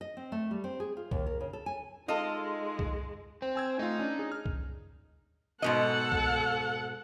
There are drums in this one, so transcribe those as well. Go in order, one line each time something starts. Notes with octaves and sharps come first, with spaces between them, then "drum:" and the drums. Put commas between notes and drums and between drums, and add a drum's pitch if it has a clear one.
D#5
C4
A3
G3
C4
G#4
F4
D#2, drum: kick C2
A#4
C#3
A4
G#5
G#3 D#4 F4 A4 D#5
drum: kick C2
C4
G#5 E6 G#6
A3 D#4 F4
C#4 D4
G#4
F6
drum: kick C2
G#2 B2 A4 D#5 F#5
drum: kick C2